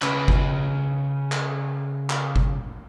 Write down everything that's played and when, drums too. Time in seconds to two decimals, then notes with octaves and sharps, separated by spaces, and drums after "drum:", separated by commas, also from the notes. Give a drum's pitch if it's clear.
0.02 C#3 B4, drum: clap
0.28 drum: kick G1
1.32 drum: clap
2.10 drum: clap
2.36 drum: kick G1